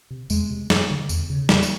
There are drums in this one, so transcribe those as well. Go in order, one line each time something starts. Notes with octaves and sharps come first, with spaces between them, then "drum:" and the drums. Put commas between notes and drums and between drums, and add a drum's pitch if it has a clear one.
C3
E2 G#3, drum: tambourine
C3
F#2, drum: snare
D3
E2, drum: tambourine
C#3
F2 G3, drum: snare
drum: tambourine